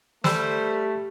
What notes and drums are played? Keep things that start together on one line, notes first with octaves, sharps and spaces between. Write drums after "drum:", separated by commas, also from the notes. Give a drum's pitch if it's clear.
G3 A3 A4 C5 B5 E6, drum: snare